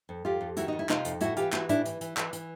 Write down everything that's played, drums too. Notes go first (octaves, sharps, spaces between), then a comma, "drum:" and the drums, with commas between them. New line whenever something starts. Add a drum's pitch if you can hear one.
F2
F2 F4 G4
F2
D#3 E4 F#4, drum: hi-hat
F2 D#4
E4
C3 D#4 F4, drum: clap
F2, drum: hi-hat
A2 E4 F#4, drum: hi-hat
E3 F4 G4, drum: hi-hat
E3 E4 F#4, drum: clap
A2 D4 E4, drum: hi-hat
E3, drum: hi-hat
E3, drum: hi-hat
E3, drum: clap
E3, drum: hi-hat